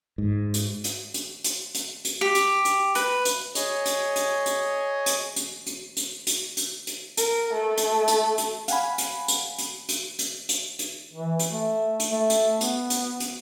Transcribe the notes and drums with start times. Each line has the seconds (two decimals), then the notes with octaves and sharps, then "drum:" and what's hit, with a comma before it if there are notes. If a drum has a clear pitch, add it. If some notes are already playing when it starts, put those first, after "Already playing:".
0.18 G#2
0.54 drum: hi-hat
0.84 drum: hi-hat
1.14 drum: hi-hat
1.44 drum: hi-hat
1.75 drum: hi-hat
2.05 drum: hi-hat
2.21 G4
2.35 drum: hi-hat
2.65 drum: hi-hat
2.95 B4, drum: hi-hat
3.25 drum: hi-hat
3.55 G#4 C#5 D#5, drum: hi-hat
3.86 drum: hi-hat
4.16 drum: hi-hat
4.46 drum: hi-hat
5.06 drum: hi-hat
5.36 drum: hi-hat
5.67 drum: hi-hat
5.97 drum: hi-hat
6.27 drum: hi-hat
6.57 drum: hi-hat
6.87 drum: hi-hat
7.17 A#4, drum: hi-hat
7.53 A3
7.78 drum: hi-hat
8.08 drum: hi-hat
8.38 drum: hi-hat
8.68 F5 F#5 G#5 B5, drum: hi-hat
8.98 drum: hi-hat
9.28 drum: hi-hat
9.59 drum: hi-hat
9.89 drum: hi-hat
10.19 drum: hi-hat
10.49 drum: hi-hat
10.79 drum: hi-hat
11.14 E3
11.39 drum: hi-hat
11.50 A3
12.00 drum: hi-hat
12.12 A3
12.30 drum: hi-hat
12.61 B3, drum: hi-hat
12.90 drum: hi-hat
13.20 drum: hi-hat